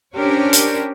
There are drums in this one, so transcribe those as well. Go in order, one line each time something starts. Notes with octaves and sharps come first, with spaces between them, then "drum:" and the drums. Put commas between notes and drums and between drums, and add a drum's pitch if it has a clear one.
C#4 D4 G4 A#4 C5 C#5
drum: hi-hat